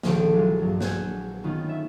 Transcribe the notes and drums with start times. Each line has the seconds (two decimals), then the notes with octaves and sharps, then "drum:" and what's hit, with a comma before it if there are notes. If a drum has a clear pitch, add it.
0.03 A#1 D#2 D#3 F3 A3 D7, drum: snare
0.33 E3 F#3 G#3 F4
0.59 G2 F#3
0.81 F#5 G#5 E6 G6 G#6, drum: snare
1.44 D#3 B3 C#4 D#4 F4
1.69 E5